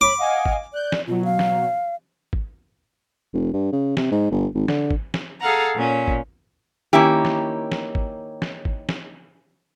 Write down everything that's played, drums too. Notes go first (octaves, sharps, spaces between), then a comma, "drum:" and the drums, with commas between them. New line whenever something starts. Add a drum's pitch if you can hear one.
C#5 B5 D6
D#5 F5 F#5 G#5
drum: kick G#1
D5 F#6 G6
drum: snare
B2 F#3 F4
F5
drum: snare
drum: kick G#1
F1
G2
C#3
C3, drum: snare
G#2
G1
G#1
D3, drum: snare
drum: kick G#1
drum: snare
G#4 A4 F5 F#5 A#5
A#2 C#4
drum: kick G#1
D#3 A#3 C#4 E4 G4
drum: snare
drum: snare
drum: kick G#1
drum: snare
drum: kick G#1
drum: snare